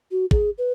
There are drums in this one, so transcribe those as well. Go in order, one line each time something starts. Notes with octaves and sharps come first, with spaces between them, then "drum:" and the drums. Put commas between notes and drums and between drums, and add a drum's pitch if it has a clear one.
F#4
G#4, drum: kick
B4